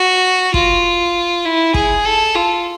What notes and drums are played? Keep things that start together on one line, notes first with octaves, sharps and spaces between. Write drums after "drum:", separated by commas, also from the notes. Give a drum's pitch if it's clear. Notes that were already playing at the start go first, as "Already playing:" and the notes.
Already playing: F#4
F4, drum: kick
E4
G#4, drum: kick
A4
F4